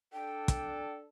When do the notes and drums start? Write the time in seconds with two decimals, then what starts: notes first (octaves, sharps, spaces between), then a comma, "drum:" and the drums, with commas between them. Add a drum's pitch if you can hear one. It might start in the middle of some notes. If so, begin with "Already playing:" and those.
0.13 D4 A4 G5
0.48 drum: kick, hi-hat